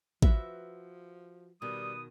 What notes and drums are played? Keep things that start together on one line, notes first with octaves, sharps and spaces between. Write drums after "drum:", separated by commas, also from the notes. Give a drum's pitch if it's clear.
F3 F#4 B4 E5, drum: kick A1
B2 D#3 G3 B4 D#6